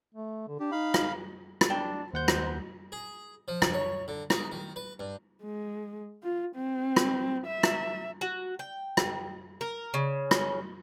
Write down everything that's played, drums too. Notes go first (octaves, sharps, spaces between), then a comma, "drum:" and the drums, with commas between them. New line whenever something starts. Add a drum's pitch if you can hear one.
A3
D3
D4 G4
D#4 F5 B5
drum: rim click
drum: rim click
D4 G5 A5
D#2 C5 F#5 G6
drum: rim click
G#4
F3
drum: rim click
C#5
D3
D#4, drum: rim click
D#3
B4
G2
G#3
F4
C4
drum: rim click
E5
drum: rim click
F#4
G5
drum: rim click
A#4
C#3
drum: rim click